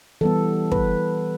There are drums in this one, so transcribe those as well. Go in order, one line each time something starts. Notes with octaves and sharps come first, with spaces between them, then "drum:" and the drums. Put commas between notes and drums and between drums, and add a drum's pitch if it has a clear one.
E3 G3 B3 A4
B4, drum: kick